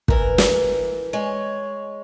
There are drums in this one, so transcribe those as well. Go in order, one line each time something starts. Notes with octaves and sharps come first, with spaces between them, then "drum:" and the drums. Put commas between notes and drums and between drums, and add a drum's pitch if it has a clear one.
E3 A#4, drum: kick
drum: snare
G#3 C#5